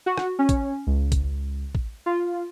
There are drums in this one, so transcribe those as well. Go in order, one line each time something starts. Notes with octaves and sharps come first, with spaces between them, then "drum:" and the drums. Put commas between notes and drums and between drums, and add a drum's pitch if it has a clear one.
F#4
drum: rim click
C#4
drum: kick A1, hi-hat
C#2
drum: kick A1, hi-hat
drum: kick A1
F4